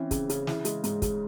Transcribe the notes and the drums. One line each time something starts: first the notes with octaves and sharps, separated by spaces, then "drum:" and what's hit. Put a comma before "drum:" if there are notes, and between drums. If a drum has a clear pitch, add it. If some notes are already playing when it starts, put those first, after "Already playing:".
Already playing: E3 C4 C#4
C#3, drum: kick, hi-hat
C#3, drum: hi-hat
E3, drum: snare
G#3, drum: hi-hat
G#2, drum: hi-hat
G#3, drum: kick, hi-hat